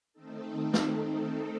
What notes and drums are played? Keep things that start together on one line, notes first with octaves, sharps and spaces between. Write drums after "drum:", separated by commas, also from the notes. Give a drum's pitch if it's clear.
D#3 A3 C4 D#4 A4
drum: snare